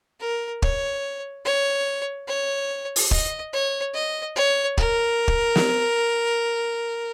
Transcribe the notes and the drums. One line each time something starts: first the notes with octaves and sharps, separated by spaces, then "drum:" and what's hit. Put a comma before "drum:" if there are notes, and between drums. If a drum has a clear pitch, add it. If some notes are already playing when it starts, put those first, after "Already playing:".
A#4
C#5, drum: kick
C#5
C#5
drum: open hi-hat
D#5, drum: kick
C#5
D#5
C#5
A#4, drum: kick
drum: kick
drum: snare